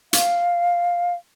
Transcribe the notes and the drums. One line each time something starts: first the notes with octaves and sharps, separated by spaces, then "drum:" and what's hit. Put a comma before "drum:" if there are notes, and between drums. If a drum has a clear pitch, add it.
F5, drum: hi-hat